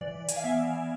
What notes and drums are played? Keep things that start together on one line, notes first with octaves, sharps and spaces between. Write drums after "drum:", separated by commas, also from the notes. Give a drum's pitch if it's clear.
E3 D5
G#5, drum: hi-hat
F5
B3 E5